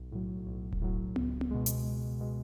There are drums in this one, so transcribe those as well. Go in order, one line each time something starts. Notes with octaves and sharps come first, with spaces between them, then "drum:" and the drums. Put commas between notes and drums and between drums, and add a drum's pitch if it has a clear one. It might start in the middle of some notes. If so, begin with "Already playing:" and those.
Already playing: B1
A2 F#3
B1
drum: kick D#1
A2 F#3
C#2, drum: tom B3
drum: tom B3
B2 G#3
drum: hi-hat
C#2
B2 G#3